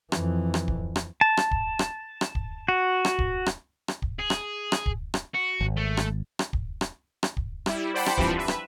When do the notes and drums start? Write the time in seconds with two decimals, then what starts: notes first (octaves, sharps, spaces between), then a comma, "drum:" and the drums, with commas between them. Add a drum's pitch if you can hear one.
0.12 F2 E3, drum: rim click
0.54 drum: rim click
0.68 drum: kick
0.96 drum: rim click
1.21 A5
1.37 drum: rim click
1.51 drum: kick
1.79 drum: rim click
2.21 drum: rim click
2.35 drum: kick
2.68 F#4
3.05 drum: rim click
3.19 drum: kick
3.46 drum: rim click
3.88 drum: rim click
4.02 drum: kick
4.19 G#4
4.30 drum: rim click
4.72 drum: rim click
4.86 drum: kick
5.14 drum: rim click
5.34 F#4
5.61 G#1
5.77 A3
5.97 drum: rim click
6.39 drum: rim click
6.53 drum: kick
6.81 drum: rim click
7.23 drum: rim click
7.37 drum: kick
7.66 G3 E4, drum: rim click
7.94 C5 D5 F#5 G5 A5 B5
8.06 drum: rim click
8.17 E3 F3 G3 C4 D4, drum: kick
8.38 B4 E5
8.48 drum: rim click